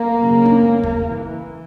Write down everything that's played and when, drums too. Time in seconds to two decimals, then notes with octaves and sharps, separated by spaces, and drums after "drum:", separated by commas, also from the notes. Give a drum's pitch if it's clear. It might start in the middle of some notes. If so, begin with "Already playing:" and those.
Already playing: A#3
0.19 F#2 C#3
0.45 drum: tom
0.84 A#3, drum: kick
1.14 E3